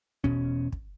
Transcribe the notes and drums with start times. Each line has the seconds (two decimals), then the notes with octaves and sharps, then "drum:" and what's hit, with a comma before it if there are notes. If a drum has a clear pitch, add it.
0.24 E1 B2 C#4, drum: kick
0.72 drum: kick